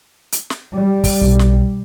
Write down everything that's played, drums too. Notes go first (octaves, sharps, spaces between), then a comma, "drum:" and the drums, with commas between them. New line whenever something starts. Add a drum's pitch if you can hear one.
drum: hi-hat
drum: snare
G3
drum: kick, open hi-hat
B1
drum: snare